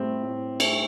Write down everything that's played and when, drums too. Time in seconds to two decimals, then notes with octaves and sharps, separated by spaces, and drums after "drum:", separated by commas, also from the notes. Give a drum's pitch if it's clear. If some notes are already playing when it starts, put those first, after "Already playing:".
Already playing: A2 A3 C4 G4
0.23 A2
0.60 A3 C4, drum: cymbal